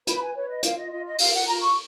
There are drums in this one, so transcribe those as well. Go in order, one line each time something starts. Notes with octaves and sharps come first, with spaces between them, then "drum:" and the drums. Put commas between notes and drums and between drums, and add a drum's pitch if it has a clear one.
B4 B5, drum: hi-hat
G#5
B4 C#5
D#5
F4 F5, drum: hi-hat
D#5
F4 D#5
D#5
F4 F5, drum: open hi-hat
F#5
F4 A#5
C#6